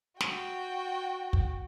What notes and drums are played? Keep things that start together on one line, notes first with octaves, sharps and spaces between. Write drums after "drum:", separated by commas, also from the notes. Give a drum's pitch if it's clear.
F#4 G5, drum: snare
drum: kick